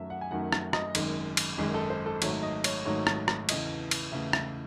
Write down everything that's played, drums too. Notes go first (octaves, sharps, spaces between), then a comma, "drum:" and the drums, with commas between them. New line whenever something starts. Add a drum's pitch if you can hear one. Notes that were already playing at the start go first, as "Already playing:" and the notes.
Already playing: F#2 D#3 F#3 A3 E5
F#5
G#5
F#2 D#3 F#3 A3 F#5
drum: rim click
D#5, drum: rim click
G#1 F#2 D#3 G#3, drum: cymbal
drum: cymbal
G#1 F#2 D#3 G#3 G#4
A4
C5
A4
G#1 G#2 F#3 A3 C#5, drum: cymbal
D#5
C#5, drum: cymbal
G#1 G#2 F#3 A3 C#5
drum: rim click
drum: rim click
E2 C#3 E3 A3 D#5, drum: cymbal
drum: cymbal
E2 C#3 E3 A3 E5
E5, drum: rim click